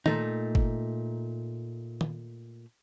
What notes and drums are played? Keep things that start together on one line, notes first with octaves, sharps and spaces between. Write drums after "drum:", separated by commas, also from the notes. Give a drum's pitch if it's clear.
A#2 A3 D#4, drum: tom D#3
drum: kick G1
drum: tom D#3